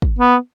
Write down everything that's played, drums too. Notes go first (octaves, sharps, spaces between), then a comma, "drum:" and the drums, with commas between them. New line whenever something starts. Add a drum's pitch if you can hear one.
drum: kick
B3